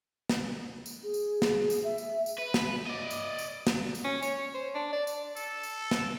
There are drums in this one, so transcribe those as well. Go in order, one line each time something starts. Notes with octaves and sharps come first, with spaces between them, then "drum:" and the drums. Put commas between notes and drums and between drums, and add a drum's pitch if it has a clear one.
drum: snare
drum: tambourine
G#4
drum: tambourine
drum: snare
drum: tambourine
E5
drum: tambourine
drum: tambourine
B4
drum: snare
D5 D#5
drum: tambourine
drum: tambourine
drum: snare
drum: tambourine
C#4
C#5, drum: tambourine
C5
D4
D5
drum: tambourine
A4, drum: tambourine
drum: tambourine
drum: snare